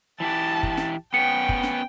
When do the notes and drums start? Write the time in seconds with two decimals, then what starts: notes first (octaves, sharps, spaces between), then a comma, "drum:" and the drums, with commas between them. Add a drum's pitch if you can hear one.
0.20 E3 E4 G4 A5
0.63 drum: kick F#1
0.77 drum: snare
1.14 B3 C#4 G5 C#7
1.49 drum: kick F#1
1.63 drum: snare